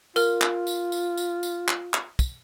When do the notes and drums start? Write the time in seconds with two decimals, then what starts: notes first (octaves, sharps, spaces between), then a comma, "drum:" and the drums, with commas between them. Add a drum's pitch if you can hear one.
0.16 F4 A#4 F6, drum: tambourine
0.41 drum: clap
0.67 drum: tambourine
0.92 drum: tambourine
1.17 drum: tambourine
1.43 drum: tambourine
1.68 drum: clap
1.94 drum: clap
2.19 drum: kick, tambourine